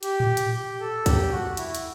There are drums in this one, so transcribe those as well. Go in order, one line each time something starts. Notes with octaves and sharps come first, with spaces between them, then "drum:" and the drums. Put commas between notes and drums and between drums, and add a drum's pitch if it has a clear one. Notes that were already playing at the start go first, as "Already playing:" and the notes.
G4, drum: hi-hat
drum: tom A2
drum: hi-hat
G4
A4
G4, drum: kick, hi-hat
F#4
E4, drum: hi-hat
drum: hi-hat